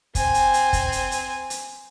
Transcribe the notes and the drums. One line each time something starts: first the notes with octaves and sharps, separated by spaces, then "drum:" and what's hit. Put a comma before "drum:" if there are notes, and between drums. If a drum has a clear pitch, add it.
C4 G#5, drum: kick, hi-hat
drum: hi-hat
drum: hi-hat
drum: kick, hi-hat
drum: hi-hat
drum: hi-hat
drum: hi-hat